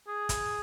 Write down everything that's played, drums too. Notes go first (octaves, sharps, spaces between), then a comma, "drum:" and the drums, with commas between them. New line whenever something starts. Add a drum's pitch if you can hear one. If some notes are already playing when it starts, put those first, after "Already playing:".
G#4
drum: kick, hi-hat